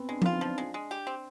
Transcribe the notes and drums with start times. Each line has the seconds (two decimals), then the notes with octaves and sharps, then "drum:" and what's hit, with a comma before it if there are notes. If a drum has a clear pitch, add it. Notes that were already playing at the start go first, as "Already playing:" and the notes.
Already playing: B3 C4
0.09 G#3 D4
0.22 D#4, drum: tom F3
0.26 F4
0.33 C4
0.41 F3 D4
0.58 G#3
0.74 G#3
0.91 G4
1.07 C4